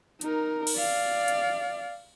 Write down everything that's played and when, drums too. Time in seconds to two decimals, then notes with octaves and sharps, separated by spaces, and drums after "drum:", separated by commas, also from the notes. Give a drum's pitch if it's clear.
0.21 D#4 A#4, drum: hi-hat
0.67 drum: cymbal
0.77 D5 F5
1.28 drum: hi-hat